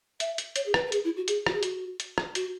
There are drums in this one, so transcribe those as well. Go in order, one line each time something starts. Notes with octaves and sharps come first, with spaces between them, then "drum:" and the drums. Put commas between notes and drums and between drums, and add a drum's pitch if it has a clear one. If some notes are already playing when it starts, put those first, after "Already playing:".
E5, drum: hi-hat
drum: hi-hat
C#5, drum: hi-hat
G#4
B4, drum: rim click
B4
G#4, drum: hi-hat
E4
F#4
G#4, drum: hi-hat
F#4, drum: rim click
G#4
F#4, drum: hi-hat
drum: hi-hat
drum: rim click
F#4, drum: hi-hat